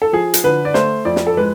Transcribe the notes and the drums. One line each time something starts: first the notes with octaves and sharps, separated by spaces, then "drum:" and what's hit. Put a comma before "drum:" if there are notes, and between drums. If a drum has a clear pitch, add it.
A4
F3 G#4
drum: hi-hat
D3 B4
D5
A3 C5, drum: snare
F2 D5
drum: snare
A4
G#3 B4